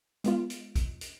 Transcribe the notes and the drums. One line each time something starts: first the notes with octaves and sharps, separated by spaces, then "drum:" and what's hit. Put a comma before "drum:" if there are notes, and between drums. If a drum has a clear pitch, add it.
G#3 B3 F4, drum: hi-hat
drum: hi-hat
drum: kick B1, hi-hat
drum: hi-hat